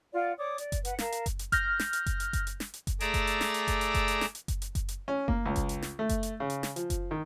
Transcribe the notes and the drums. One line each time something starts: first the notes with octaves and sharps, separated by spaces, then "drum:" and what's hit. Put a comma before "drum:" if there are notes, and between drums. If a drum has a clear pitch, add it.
F4 D5 F5 F#5
C#5 D5 D6 D#6
D5, drum: hi-hat
drum: kick F#1, hi-hat
B4 F#5, drum: hi-hat
A#4 F5 A5, drum: snare
drum: hi-hat
drum: kick F#1, hi-hat
drum: hi-hat
F6 G6 A#6, drum: kick F#1, hi-hat
drum: snare
drum: hi-hat
drum: kick F#1, hi-hat
drum: hi-hat
drum: kick F#1, hi-hat
drum: hi-hat
drum: snare
drum: hi-hat
drum: kick F#1, hi-hat
A3 G#4 D5 A#5 D6 E6, drum: hi-hat
drum: kick F#1, hi-hat
drum: hi-hat
drum: snare
drum: hi-hat
drum: kick F#1, hi-hat
drum: hi-hat
drum: kick F#1, hi-hat
drum: hi-hat
drum: snare
drum: hi-hat
drum: kick F#1, hi-hat
drum: hi-hat
drum: kick F#1, hi-hat
drum: hi-hat
C#4
A#3, drum: kick F#1
C#2
drum: kick F#1, hi-hat
drum: hi-hat
drum: snare
A3
drum: kick F#1, hi-hat
drum: hi-hat
C#3
drum: hi-hat
drum: snare
F3, drum: hi-hat
drum: kick F#1, hi-hat
D#3